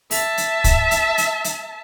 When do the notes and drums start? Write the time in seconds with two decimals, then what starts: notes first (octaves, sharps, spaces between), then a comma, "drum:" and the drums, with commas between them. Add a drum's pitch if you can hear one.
0.11 E5 A5, drum: open hi-hat
0.37 drum: hi-hat
0.64 drum: kick, hi-hat
0.91 drum: hi-hat
1.18 drum: hi-hat
1.44 drum: hi-hat